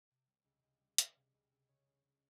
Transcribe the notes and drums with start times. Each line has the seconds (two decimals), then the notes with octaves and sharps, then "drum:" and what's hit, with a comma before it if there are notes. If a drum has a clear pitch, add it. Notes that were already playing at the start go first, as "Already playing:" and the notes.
Already playing: G3
0.10 C3
0.27 G3
0.45 C#2
0.63 C#2
0.81 G3
0.98 C#2, drum: hi-hat
1.16 C3
1.34 C#2
1.52 C#2
1.68 C#3 C#5
1.86 C#2
2.04 C#2